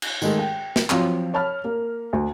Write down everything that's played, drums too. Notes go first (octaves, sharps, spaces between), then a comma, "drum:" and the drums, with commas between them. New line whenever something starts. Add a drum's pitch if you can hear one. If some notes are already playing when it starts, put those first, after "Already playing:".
drum: cymbal
D#3 G#3 A3, drum: tambourine
G5
drum: snare
F3 F#3 C4, drum: clap
C#5 A5 B5 F6
A#3
D2